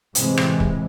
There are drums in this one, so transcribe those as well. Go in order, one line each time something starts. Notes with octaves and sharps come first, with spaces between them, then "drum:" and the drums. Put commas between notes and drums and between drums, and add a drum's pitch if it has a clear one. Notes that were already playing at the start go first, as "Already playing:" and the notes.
A2 C3 E3 G#3, drum: hi-hat
drum: rim click
drum: kick